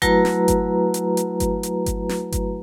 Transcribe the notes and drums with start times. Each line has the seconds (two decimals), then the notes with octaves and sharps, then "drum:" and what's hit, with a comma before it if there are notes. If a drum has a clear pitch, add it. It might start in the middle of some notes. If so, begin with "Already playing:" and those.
0.02 F#3 A3 E4 F#4 B4 A#5, drum: kick G1, hi-hat
0.25 drum: snare
0.48 drum: kick G1, hi-hat
0.94 drum: hi-hat
1.17 drum: hi-hat
1.40 drum: kick G1, hi-hat
1.63 drum: hi-hat
1.86 drum: kick G1, hi-hat
2.09 drum: snare
2.32 drum: kick G1, hi-hat